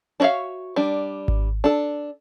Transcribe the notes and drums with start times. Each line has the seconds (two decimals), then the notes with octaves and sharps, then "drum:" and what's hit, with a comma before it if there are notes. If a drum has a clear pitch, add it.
0.20 D4 F#4 C#5 E5 F5
0.76 G3 D4
1.28 drum: kick G#1
1.64 D4 A4